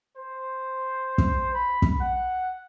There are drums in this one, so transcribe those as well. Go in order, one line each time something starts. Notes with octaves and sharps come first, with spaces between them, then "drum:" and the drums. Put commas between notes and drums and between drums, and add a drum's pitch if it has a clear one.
C5
drum: kick
B5
drum: kick
F#5